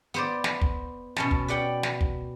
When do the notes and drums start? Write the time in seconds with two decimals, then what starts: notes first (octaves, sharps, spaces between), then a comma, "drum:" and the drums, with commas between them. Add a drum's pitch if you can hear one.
0.14 B3 C5 D5
0.44 drum: snare
0.61 drum: kick
1.16 B2 C#4 A5, drum: snare
1.31 drum: kick
1.48 B4 D5 F#5 G5
1.83 drum: snare
2.01 drum: kick